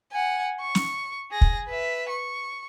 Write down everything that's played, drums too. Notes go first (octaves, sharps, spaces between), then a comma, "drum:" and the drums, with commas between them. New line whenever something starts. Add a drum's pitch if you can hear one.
F#5 G#5
C#6
drum: snare
G#4 A#6
drum: kick
B4 E5
C#6